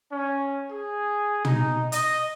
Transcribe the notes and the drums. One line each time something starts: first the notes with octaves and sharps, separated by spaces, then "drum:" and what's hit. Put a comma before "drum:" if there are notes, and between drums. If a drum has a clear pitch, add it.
C#4
G#4
D#4, drum: tom
D#5, drum: hi-hat